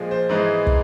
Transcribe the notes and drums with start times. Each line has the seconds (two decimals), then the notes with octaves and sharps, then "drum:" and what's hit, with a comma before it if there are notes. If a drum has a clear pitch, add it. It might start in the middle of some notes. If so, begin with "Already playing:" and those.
Already playing: A#2 F3 G#3
0.11 C5
0.29 G#2 E3 G#3 B3 D#4
0.67 drum: kick